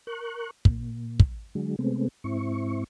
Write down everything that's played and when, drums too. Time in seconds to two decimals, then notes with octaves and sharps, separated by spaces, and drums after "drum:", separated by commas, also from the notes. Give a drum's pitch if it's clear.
0.07 A#4 C#6 F#6
0.65 A#2, drum: kick
1.20 drum: kick
1.55 D3 F#3 G#3
1.79 C3 G#3 A3 B3 C4
2.24 G#2 C4 E4 C#6